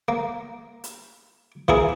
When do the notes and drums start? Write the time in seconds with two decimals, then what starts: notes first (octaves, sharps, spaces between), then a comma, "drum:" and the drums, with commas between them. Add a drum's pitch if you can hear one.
0.08 A#3
0.84 drum: hi-hat
1.68 E3 A#3 E4 G#4, drum: kick